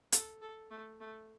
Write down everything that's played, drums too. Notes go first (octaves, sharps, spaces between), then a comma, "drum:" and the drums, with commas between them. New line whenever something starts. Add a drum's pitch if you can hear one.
A4, drum: hi-hat
A4
A3
A3